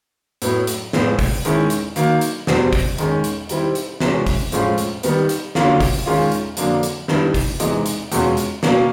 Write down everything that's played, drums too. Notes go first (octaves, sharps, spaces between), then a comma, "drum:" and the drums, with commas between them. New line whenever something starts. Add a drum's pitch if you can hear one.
A2 F#3 B3 E4, drum: hi-hat
drum: hi-hat
A2 F3 G#3 B3, drum: snare
drum: kick, open hi-hat
D#3 G#3 C#4 E4, drum: hi-hat
drum: hi-hat
D#3 F#3 A#3, drum: hi-hat
drum: hi-hat
E2 B2 G3 C4, drum: snare
drum: kick, open hi-hat
D#3 G#3 C#4, drum: hi-hat
drum: hi-hat
D#3 G3 C4 E4, drum: hi-hat
drum: hi-hat
C3 E3 G#3 C#4 F#4, drum: snare
drum: kick, open hi-hat
A2 F3 G#3 C#4 F4, drum: hi-hat
drum: hi-hat
D#3 G3 B3, drum: hi-hat
drum: hi-hat
D3 F#3 A#3 C#4 F4, drum: snare
drum: kick, open hi-hat
D#3 G#3 C#4 F4
drum: hi-hat
F2 D3 F#3 A#3 D4, drum: hi-hat
drum: hi-hat
G2 D#3 G3 B3 E4, drum: snare
drum: kick, open hi-hat
C3 E3 G#3 B3 D#4, drum: hi-hat
drum: hi-hat
E2 B2 G#3 C#4 F4, drum: hi-hat
drum: hi-hat
B2 F#3 A#3 C#4, drum: snare